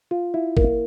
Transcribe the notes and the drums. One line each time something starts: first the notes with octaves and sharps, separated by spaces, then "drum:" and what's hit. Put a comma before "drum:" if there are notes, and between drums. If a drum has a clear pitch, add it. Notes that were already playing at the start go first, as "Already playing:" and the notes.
F4
E4
A#3, drum: kick